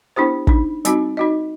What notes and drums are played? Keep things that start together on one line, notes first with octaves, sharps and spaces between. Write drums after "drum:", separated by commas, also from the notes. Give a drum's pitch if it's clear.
B3 D4 E4 G4 C5
D4 D#4, drum: kick
G3 C4 D#4 F#4, drum: hi-hat
D#4 F#4 D#5